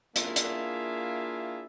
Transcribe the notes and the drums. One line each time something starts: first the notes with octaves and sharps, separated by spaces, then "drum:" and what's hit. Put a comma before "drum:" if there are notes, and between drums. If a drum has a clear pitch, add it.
A#3 D4 E4 F4 G#4 E5, drum: hi-hat
drum: hi-hat